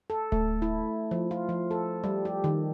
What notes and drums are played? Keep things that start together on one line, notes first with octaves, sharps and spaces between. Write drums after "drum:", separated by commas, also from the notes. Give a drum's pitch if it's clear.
A4
A3, drum: kick D1
E4
F3
F4
F3
A4
G3
G4
D#3